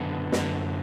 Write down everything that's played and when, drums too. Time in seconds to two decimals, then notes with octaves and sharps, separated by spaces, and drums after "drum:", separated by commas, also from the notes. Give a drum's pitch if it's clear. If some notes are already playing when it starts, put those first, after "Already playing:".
Already playing: F#2 D3 B3
0.32 F#2 D3, drum: snare